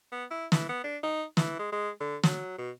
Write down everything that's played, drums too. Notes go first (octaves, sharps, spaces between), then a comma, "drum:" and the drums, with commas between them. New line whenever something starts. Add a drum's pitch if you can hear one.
B3
E4
E3, drum: snare
B3
D4
D#4
E3, drum: snare
G#3
G#3
D3
F#3, drum: snare
B2